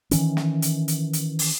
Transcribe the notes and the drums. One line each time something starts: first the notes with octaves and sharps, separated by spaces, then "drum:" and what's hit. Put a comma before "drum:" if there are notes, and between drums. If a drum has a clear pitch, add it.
D#3 E3 C#4, drum: hi-hat
drum: snare
drum: hi-hat
drum: hi-hat
drum: hi-hat
drum: open hi-hat